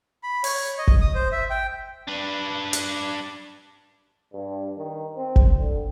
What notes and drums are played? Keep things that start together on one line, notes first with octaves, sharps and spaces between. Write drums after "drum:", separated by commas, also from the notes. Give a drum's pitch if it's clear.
B5
C#5, drum: open hi-hat
D#5
drum: kick
D#6
C5
E5
G5
D4 B4
drum: hi-hat
G2
D#3
C4
drum: kick
D3